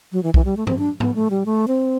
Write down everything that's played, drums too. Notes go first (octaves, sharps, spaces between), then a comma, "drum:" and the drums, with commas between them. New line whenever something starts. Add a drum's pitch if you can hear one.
F#3
E3
E3, drum: kick
G3
A3
C4, drum: tom G2
D4
B3, drum: tom G#2
A3
G3
A3
C4